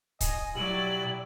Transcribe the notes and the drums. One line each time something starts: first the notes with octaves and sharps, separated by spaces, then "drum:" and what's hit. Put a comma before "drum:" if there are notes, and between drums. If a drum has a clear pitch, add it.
D#5 G#5, drum: kick C#1, hi-hat
B2 F#3 E4 G4 D5 G5 F#7